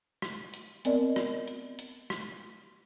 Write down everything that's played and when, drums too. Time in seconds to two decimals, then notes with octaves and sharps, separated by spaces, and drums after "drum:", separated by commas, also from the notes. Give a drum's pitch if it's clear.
0.22 drum: rim click
0.54 drum: hi-hat
0.85 B3 C4 A#4 D5 D#5, drum: hi-hat
1.16 drum: rim click
1.48 drum: hi-hat
1.79 drum: hi-hat
2.10 drum: rim click